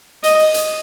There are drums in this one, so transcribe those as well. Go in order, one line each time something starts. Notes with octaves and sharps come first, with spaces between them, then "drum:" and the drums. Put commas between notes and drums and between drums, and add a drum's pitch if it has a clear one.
D#5, drum: hi-hat
drum: open hi-hat
drum: hi-hat